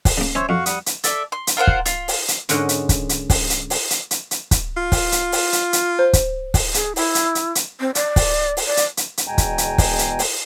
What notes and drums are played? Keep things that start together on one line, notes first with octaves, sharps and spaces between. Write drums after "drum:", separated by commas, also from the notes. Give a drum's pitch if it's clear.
drum: kick, open hi-hat
C#3 A#3
C#4 C5 C#5 E5
F2 F#4 F5 F#5
G3 F#5 D#6, drum: hi-hat
drum: hi-hat
A4 D5 E5, drum: hi-hat
C6
drum: hi-hat
F4 A#4 C5 F#5
drum: kick
F4, drum: hi-hat
drum: open hi-hat
drum: hi-hat
G#2 D3 C#4 A#4 D#5 F#5, drum: hi-hat
drum: hi-hat
drum: kick, hi-hat
drum: hi-hat
drum: kick, open hi-hat
drum: hi-hat
drum: open hi-hat
drum: hi-hat
drum: hi-hat
drum: hi-hat
drum: kick, hi-hat
F4
drum: kick, open hi-hat
drum: hi-hat
drum: open hi-hat
drum: hi-hat
drum: hi-hat
C5
drum: kick, hi-hat
drum: kick, open hi-hat
G#4, drum: hi-hat
E4, drum: open hi-hat
drum: hi-hat
drum: hi-hat
drum: hi-hat
C4
D5, drum: hi-hat
drum: kick, open hi-hat
drum: open hi-hat
D5
drum: hi-hat
drum: hi-hat
drum: hi-hat
E2 B2 G#3 G5 G#5 A#5
drum: kick, hi-hat
drum: hi-hat
drum: kick, open hi-hat
drum: hi-hat
drum: open hi-hat